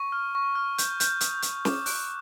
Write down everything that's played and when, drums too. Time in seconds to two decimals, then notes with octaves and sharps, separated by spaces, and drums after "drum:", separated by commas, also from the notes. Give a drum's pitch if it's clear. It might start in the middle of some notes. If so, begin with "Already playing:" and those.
Already playing: C#6
0.12 F6
0.35 C#6
0.55 F6
0.78 G6, drum: hi-hat
1.00 G6, drum: hi-hat
1.21 D#6, drum: hi-hat
1.42 G6, drum: hi-hat
1.65 D6, drum: snare
1.86 F#6, drum: open hi-hat